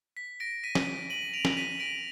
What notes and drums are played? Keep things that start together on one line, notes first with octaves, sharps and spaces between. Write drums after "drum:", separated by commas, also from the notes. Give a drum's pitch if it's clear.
B6
A#6 D7
B6 D#7
drum: snare
D#7 F#7
D7 F7
drum: snare
B6 D#7
A#6 D7